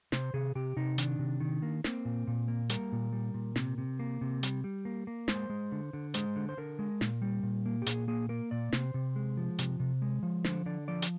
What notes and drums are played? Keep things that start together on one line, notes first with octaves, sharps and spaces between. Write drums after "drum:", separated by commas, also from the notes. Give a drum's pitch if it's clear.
C3 C5, drum: snare
C3 G#4
C3 G4
C3 D#4
D#3 D4, drum: hi-hat
C3
D#3
A#3
A#3 C4, drum: snare
A#2
A#2
A#3
G3 A#4, drum: hi-hat
A#2
G3
A#2
C3, drum: snare
C3
A#3
C3
G3, drum: hi-hat
G3
A#3
A#3
G#3 C5, drum: snare
G#3
D3
D3
G#3 C5, drum: hi-hat
D3
C5
D3 A#4
G#3
A#2, drum: snare
G3
A#2
A#3
G4
A#2 G#4, drum: hi-hat
A#3 G#4
A#3 A#4
A#2 D5
C3 C5, drum: snare
C3
G#3
F3
C3, drum: hi-hat
C3
G#3
F3
D3 C5, drum: snare
D3 D5
F3 D5
drum: hi-hat